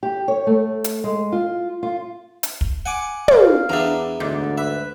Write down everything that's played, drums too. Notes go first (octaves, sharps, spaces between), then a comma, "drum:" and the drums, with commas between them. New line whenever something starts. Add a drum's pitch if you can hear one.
G4
C#5
A3
drum: hi-hat
G#3
F4
F4
drum: hi-hat
drum: kick
F#5 G#5 D6
F5, drum: tom
E2 B3 D4 E4 A#5
D2 G#2 D5
B4 E5